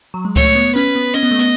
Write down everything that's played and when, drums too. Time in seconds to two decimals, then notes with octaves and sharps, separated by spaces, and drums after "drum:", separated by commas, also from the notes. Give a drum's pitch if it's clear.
0.14 F#3
0.25 G#3
0.36 A3 C#5, drum: kick C#2, hi-hat
0.55 B3
0.66 B3
0.75 C#4 B4
0.95 B3
1.14 C#4 D#5, drum: hi-hat
1.23 B3
1.31 A3
1.39 B3, drum: hi-hat